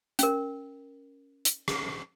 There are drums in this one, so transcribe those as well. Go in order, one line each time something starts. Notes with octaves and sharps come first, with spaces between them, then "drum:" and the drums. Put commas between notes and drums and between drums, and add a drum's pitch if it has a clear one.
C#4 A#4, drum: hi-hat
drum: hi-hat
drum: rim click